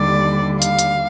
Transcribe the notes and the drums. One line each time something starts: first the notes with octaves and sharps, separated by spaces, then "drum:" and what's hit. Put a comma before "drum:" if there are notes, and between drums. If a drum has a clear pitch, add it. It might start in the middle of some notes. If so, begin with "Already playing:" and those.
Already playing: D#2 D3 G3 D5
F5, drum: hi-hat
drum: hi-hat